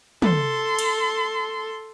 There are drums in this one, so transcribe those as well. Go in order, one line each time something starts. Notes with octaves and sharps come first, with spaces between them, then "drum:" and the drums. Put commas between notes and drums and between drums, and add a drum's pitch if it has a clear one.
A4 C6, drum: tom
drum: cymbal